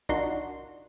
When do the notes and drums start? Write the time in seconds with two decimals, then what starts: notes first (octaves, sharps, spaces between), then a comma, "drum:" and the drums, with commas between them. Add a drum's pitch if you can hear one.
0.09 D4 D#4 F4 F#4 A#4 C6, drum: kick